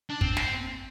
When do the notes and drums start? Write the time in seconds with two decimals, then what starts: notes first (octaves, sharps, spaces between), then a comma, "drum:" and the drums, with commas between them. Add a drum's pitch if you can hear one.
0.09 D4
0.21 C4, drum: kick
0.37 drum: snare